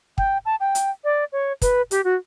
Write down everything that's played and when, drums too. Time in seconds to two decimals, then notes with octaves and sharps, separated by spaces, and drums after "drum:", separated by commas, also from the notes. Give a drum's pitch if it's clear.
0.18 G5, drum: kick
0.46 A5
0.60 G5
0.75 drum: hi-hat
1.04 D5
1.32 C#5
1.62 B4, drum: kick, hi-hat
1.91 G4, drum: hi-hat
2.04 F#4